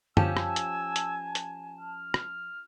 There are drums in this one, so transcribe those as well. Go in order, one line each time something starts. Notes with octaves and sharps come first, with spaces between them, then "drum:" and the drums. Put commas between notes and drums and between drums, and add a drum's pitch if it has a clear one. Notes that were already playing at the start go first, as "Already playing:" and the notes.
F3 C#4 G4 G#5 A5 E6, drum: tom F#2
drum: rim click
drum: hi-hat
drum: hi-hat
drum: hi-hat
F6
drum: rim click